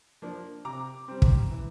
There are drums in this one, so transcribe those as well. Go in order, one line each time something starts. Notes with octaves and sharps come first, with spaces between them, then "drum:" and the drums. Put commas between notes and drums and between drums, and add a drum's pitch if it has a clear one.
F3 A#3 D4
C3 A#5 D6
G3 C4
drum: kick
E3